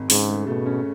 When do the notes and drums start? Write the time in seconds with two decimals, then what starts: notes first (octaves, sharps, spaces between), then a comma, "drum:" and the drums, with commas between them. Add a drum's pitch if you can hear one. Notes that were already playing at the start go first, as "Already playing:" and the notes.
Already playing: G#1
0.10 G#2 C#3, drum: open hi-hat
0.29 A3
0.47 B2 A3
0.66 C#4